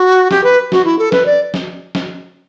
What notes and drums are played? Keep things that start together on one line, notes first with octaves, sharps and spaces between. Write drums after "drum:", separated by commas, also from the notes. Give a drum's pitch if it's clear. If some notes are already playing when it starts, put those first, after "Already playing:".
Already playing: F#4
G4, drum: snare
B4
F#4, drum: snare
E4
A4
B4, drum: snare
D5
drum: snare
drum: snare